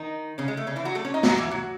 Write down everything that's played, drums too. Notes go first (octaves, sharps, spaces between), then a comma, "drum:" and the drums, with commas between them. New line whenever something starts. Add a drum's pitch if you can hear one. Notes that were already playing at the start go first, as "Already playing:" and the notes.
Already playing: D#3 D#4
C#3 C#4
G#3
A3
C#3 C#4
E3 E4
F#3 F#4
A3 A4
C#4 C#5
D#4 D#5
F#3 F#4, drum: snare
E3 E4
F#3 F#4